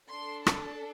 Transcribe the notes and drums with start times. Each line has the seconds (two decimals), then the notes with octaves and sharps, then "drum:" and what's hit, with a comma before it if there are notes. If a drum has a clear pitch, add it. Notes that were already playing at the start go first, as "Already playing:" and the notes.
0.10 D4 A4 C6
0.47 A5, drum: rim click